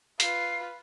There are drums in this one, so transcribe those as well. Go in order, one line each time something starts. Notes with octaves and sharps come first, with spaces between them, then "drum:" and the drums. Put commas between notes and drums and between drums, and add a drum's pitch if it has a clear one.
F4 B4 C7, drum: hi-hat